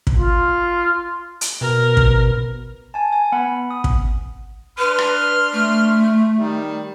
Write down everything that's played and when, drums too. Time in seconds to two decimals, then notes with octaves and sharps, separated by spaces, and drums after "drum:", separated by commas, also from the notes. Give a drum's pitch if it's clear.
0.07 drum: kick
0.18 F4
1.41 drum: hi-hat
1.61 B2 A#4
1.97 drum: kick
2.94 G#5 A5
3.12 G#5
3.32 B3 F#5 B5
3.71 D#6
3.84 drum: kick
4.79 D4 B4 C6 F6
4.98 drum: rim click
5.53 A3
6.36 D#3 G3